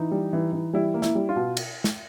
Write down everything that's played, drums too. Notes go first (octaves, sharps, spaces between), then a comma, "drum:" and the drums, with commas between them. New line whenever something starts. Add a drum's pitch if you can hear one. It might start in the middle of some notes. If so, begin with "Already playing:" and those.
Already playing: E3 D#4
G3
E3
E3
G3 E4
A#3
E4, drum: snare
G3
F4
B2
drum: cymbal
drum: snare